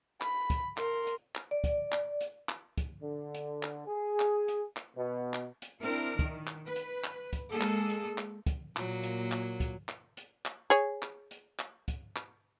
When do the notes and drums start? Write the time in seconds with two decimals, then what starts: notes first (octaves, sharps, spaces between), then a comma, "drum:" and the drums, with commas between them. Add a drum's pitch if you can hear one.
0.22 B5, drum: clap
0.50 drum: kick, hi-hat
0.78 A#4 C6, drum: clap
1.07 drum: hi-hat
1.35 drum: clap
1.51 D5
1.64 drum: kick, hi-hat
1.92 drum: clap
2.21 drum: hi-hat
2.49 drum: clap
2.78 drum: kick, hi-hat
3.02 D3
3.34 drum: hi-hat
3.63 drum: clap
3.87 G#4
4.20 drum: clap
4.48 drum: hi-hat
4.77 drum: clap
4.97 B2
5.34 drum: clap
5.62 drum: hi-hat
5.82 C4 D4 E4 A#4
6.19 D#3, drum: kick, hi-hat
6.47 drum: clap
6.65 B4
6.76 drum: hi-hat
7.04 drum: clap
7.33 drum: kick, hi-hat
7.50 G#3 A#3 G#4 A4
7.61 drum: clap
7.90 drum: hi-hat
8.18 drum: clap
8.46 drum: kick, hi-hat
8.77 A#2 F#3 A#3, drum: clap
9.03 drum: hi-hat
9.32 drum: clap
9.60 drum: kick, hi-hat
9.89 drum: clap
10.17 drum: hi-hat
10.46 drum: clap
10.70 G#4 C#5
11.03 drum: clap
11.31 drum: hi-hat
11.59 drum: clap
11.88 drum: kick, hi-hat
12.16 drum: clap